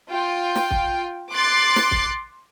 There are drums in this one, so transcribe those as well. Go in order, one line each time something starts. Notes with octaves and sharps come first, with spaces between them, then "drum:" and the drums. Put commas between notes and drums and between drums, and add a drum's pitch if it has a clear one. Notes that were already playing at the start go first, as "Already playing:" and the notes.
F4 G5
drum: snare
drum: kick
C6 D6 F#6 A6 C7
drum: snare
drum: kick